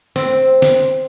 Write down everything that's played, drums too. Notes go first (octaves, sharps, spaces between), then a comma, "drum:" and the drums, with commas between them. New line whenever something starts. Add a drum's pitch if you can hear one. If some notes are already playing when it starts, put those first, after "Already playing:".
C4, drum: snare
drum: snare